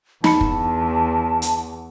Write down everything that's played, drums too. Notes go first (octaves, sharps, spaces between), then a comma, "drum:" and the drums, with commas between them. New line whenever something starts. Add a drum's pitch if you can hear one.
E2 D#4 A5 B5 C#7, drum: snare
drum: kick
drum: hi-hat